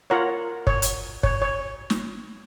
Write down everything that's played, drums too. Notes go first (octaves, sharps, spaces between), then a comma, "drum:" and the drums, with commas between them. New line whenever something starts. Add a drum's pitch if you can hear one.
F4 A#4 C#5 F#5 A#5
C#5, drum: kick
drum: hi-hat
C#5, drum: kick
C#5
drum: snare